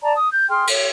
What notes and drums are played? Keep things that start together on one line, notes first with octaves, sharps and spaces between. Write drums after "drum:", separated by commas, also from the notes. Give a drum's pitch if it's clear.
D5 A5 A#5
D#6
G6
G#4 G5 C6 F6
C#5, drum: cymbal